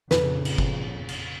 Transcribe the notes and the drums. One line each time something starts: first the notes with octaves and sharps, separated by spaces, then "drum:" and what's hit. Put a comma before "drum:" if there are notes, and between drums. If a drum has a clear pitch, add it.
F2 A#2 C#3 B4, drum: snare
drum: cymbal
drum: kick F#1
drum: cymbal